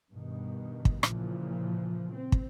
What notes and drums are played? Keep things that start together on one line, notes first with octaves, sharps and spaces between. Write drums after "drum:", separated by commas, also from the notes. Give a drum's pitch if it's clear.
G2 B2 D#3
drum: kick
A#2 C#3 E3 F3, drum: rim click
C4
drum: kick